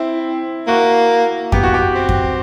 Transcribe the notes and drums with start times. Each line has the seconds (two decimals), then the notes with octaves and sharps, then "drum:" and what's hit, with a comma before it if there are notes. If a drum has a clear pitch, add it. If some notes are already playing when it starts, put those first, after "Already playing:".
Already playing: C4 E4
0.67 A#3 F#4
1.52 B3 G4, drum: kick F2
1.63 F#4
1.74 G4
1.95 C4
2.09 drum: kick F2